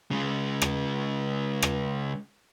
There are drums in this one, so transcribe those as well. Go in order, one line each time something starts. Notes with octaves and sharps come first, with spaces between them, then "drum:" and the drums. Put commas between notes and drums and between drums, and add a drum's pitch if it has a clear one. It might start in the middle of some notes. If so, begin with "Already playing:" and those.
C#3 G#3
drum: rim click
drum: rim click